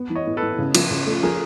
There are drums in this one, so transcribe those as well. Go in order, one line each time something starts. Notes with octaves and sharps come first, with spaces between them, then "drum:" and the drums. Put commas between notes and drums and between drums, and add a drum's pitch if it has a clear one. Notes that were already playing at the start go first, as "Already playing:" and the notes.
Already playing: B3
E3
C#5 D#5
A2
A4 B4
A2
C#3
F3, drum: cymbal
C#3
A3
F3 G#4 A#4